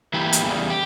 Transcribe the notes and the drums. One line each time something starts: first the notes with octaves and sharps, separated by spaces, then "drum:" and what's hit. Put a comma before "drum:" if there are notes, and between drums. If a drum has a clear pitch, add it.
E3 A#3 E4 G4
drum: hi-hat
E2 C#3 G3
G4